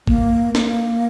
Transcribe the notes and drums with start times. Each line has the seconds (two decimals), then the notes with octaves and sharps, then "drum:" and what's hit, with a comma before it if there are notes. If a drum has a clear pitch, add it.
0.07 A#3, drum: kick G#1
0.55 A#3, drum: snare D4